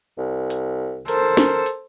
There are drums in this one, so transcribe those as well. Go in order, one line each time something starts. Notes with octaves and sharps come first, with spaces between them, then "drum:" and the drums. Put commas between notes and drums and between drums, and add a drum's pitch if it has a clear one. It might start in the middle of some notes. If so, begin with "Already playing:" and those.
C2
drum: hi-hat
A4 A#4 C5, drum: hi-hat
drum: snare
drum: hi-hat